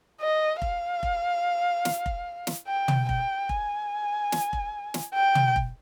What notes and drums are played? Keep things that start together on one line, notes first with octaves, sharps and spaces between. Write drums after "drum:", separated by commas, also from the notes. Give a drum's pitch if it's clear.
D#5
F5, drum: kick F1
drum: kick F1
drum: snare
drum: kick F1
drum: snare
G5
drum: tom
G5, drum: kick F1
G#5, drum: kick F1
drum: snare
drum: kick F1
drum: snare
G5
drum: tom
drum: kick F1